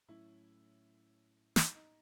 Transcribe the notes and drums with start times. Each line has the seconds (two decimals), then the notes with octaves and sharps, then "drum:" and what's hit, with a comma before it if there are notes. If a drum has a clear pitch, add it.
0.08 A2 F#3 A3 C#4 E4
1.56 D#4, drum: snare
1.74 D#4